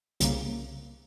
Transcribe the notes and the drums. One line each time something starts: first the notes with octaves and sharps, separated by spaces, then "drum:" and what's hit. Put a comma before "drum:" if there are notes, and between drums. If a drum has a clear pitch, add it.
C2 C#3 A#3, drum: hi-hat